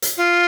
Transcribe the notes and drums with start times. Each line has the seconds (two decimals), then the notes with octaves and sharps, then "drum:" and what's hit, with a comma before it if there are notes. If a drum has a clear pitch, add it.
0.02 drum: hi-hat
0.17 F4